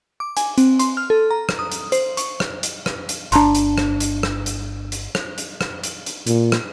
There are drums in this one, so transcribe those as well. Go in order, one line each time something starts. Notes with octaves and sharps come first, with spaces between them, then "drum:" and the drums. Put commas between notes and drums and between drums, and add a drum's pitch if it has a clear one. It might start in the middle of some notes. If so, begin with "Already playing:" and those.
D6
G#5, drum: hi-hat
C4, drum: hi-hat
C6, drum: hi-hat
F6
A4
A#5
drum: rim click
D#6
drum: hi-hat
C5, drum: hi-hat
C#6, drum: hi-hat
drum: rim click
drum: hi-hat
drum: rim click
drum: hi-hat
G1 D4 A5 A#5 C6, drum: hi-hat
drum: hi-hat
drum: rim click
drum: hi-hat
drum: rim click
drum: hi-hat
drum: hi-hat
drum: rim click
drum: hi-hat
drum: rim click
drum: hi-hat
drum: hi-hat
A#2, drum: hi-hat
drum: rim click